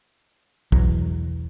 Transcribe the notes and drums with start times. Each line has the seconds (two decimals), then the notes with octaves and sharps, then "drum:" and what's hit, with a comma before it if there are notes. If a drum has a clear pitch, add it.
0.72 E2 B2 F#3, drum: kick